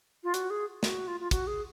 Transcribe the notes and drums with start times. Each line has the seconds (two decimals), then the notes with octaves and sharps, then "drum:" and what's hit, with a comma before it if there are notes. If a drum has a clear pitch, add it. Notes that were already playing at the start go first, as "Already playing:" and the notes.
0.24 F4
0.34 F#4, drum: hi-hat
0.50 G#4
0.83 F#4, drum: snare
1.08 F4
1.20 F4
1.31 F#4, drum: kick, hi-hat
1.47 G#4